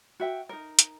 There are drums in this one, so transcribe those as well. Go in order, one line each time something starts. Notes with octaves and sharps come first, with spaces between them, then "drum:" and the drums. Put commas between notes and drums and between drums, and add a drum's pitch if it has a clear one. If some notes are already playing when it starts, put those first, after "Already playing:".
F#4 E5 G5
D#4 A#4
drum: hi-hat